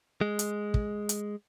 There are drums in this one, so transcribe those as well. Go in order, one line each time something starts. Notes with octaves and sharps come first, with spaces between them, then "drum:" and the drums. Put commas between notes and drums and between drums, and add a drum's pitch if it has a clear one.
G#3
drum: hi-hat
drum: kick
drum: hi-hat